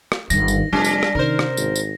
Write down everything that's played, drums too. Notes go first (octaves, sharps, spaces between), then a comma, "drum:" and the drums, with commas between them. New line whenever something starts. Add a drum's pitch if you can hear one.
drum: rim click
G1 G2 D#3 A#6, drum: tambourine
drum: tambourine
F1 F3 G3 D4
drum: tambourine
drum: rim click
C3 D#3 C#4 A#4 C5
drum: rim click
G#1, drum: tambourine
drum: tambourine